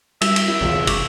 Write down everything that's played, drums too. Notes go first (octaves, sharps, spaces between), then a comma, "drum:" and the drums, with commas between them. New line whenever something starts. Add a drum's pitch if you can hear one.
G3 E5, drum: cymbal
drum: cymbal
E4
E1 A#1 F4
C3
F#1 C#6 D6, drum: cymbal